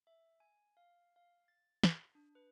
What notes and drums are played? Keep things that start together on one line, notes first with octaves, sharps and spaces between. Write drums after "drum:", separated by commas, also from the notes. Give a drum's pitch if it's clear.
E5
G#5
F5
F5
A6
drum: snare
D4
B4